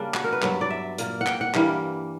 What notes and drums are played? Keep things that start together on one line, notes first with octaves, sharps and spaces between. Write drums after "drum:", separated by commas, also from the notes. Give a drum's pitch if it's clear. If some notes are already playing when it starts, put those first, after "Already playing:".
Already playing: C#3 G3 A#3 D4
F#4, drum: clap
A#4
B4
G2 F#3 B3, drum: clap
D5
E5
A#2 A#3, drum: hi-hat
F#5
G5, drum: clap
F#5
G2 E3 G3 A#3, drum: clap